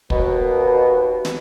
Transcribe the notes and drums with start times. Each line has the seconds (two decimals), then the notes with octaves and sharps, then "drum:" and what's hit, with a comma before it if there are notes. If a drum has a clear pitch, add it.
0.10 D#2 B2, drum: kick
1.25 drum: snare